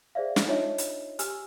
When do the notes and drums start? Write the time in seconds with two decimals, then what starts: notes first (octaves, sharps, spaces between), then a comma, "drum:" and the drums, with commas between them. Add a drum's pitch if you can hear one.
0.15 G#4 C5 D5 E5 F5
0.36 drum: snare
0.47 D4 D#4 F4 C#5 D#5 E5
0.78 drum: hi-hat
1.19 G4 G#5 E6 F6, drum: hi-hat